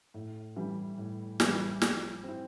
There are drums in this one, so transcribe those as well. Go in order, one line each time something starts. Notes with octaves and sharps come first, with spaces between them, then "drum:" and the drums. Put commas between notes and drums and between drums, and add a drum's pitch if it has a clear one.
A2
E3 G3
A2
E3 G3, drum: snare
F3, drum: snare
C4 E4